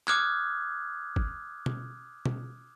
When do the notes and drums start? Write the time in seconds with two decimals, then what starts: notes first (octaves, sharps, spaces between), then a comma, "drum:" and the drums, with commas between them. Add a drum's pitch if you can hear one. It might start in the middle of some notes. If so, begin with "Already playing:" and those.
0.08 D6 D#6 F6 F#6 G#6, drum: clap
1.16 drum: kick
1.66 drum: tom B2
2.26 drum: tom B2